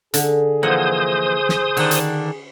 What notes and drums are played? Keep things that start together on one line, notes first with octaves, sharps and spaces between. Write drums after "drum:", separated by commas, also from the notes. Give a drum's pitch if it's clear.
D3 G#4, drum: hi-hat
E3 F3 A#3 C5 F#5 D#6
drum: snare
D3 D#3 D4, drum: cymbal
drum: hi-hat